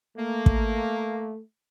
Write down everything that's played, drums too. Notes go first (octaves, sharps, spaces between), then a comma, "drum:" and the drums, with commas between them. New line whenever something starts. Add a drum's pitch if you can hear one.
A3 A#3
drum: kick